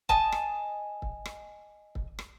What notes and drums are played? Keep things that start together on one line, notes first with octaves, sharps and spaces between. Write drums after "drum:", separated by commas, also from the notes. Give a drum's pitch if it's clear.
D#5 G#5 A5, drum: kick
drum: rim click
drum: kick
drum: rim click
drum: kick
drum: rim click